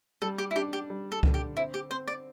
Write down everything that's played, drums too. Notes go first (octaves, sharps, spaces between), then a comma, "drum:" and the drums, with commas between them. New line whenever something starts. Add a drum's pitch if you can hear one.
G3 A4
G4
E4
D4 G4
G4
G3
A4
D3, drum: kick C#2
G4
C4 E4
G4
C4 C5
D5